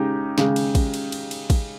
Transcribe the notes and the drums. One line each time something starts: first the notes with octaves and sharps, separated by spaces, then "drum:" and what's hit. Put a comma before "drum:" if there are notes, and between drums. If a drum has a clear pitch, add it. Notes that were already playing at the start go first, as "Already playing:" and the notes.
Already playing: C#3 G#3 D#4 G4
C#3 G#3, drum: snare
drum: cymbal
drum: kick, cymbal
drum: cymbal
drum: cymbal
drum: cymbal
drum: kick, cymbal